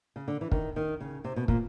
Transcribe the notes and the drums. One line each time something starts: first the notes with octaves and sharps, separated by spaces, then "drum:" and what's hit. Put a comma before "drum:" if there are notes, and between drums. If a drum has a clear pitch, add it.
C#3
D3
E3
D#3, drum: kick
D#3
C#3
C3
B2
A#2, drum: kick